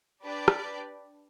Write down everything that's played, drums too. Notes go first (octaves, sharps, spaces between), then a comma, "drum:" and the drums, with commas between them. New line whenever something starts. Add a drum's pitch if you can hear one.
D4 G4 B4 D5
drum: rim click